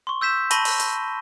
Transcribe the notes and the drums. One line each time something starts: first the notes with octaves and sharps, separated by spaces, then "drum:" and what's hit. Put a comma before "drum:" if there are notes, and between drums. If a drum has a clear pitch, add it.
C6 C#6
E6 G6 B6 E7
A5 B5 C#6 A#6 D#7 G7, drum: hi-hat
drum: open hi-hat
drum: hi-hat